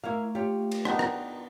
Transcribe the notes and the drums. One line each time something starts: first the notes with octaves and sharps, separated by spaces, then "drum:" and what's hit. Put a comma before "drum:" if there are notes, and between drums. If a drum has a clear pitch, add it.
A3 A#3 E4 A#4 C#5 F5
F4 G4 C#5
drum: cymbal
B3 D4 D#4 G5, drum: rim click
drum: rim click